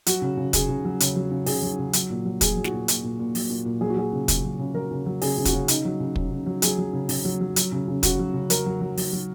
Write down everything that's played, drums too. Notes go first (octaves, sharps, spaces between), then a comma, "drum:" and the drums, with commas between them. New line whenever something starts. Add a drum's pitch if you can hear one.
F#3 F#4, drum: hi-hat
C#3
C#3
C#3 G#4, drum: kick, hi-hat
C#3
F#3
C#3, drum: hi-hat
F#3
C#3
C#3 G#4, drum: open hi-hat
F#3
C#3
F#3, drum: hi-hat
A#2
F#3
F#3 G#4, drum: kick, hi-hat
F#3
F#4, drum: snare
A#2
A#2, drum: hi-hat
A#2
A#2
F#3, drum: open hi-hat
A#2
A#2
F#3 G#4
F#4
F#3 G#4
C#3
C#3, drum: kick, hi-hat
F#3
C#3
F#3 A#4
C#3
F#3
C#3 G#4, drum: open hi-hat
C#3
F#4, drum: kick, hi-hat
C#3
C#3 D#4, drum: hi-hat
F#3
C#3
C#3, drum: kick
C#3
F#3
F#3 G#4, drum: hi-hat
F#3
C#3
C#3, drum: open hi-hat
F#3
F#3
F#3, drum: hi-hat
C#3
C#3
C#3 F#4, drum: kick, hi-hat
F#3
C#3
F#3 A#4, drum: hi-hat
F#3
F#3
F#3, drum: open hi-hat
F#3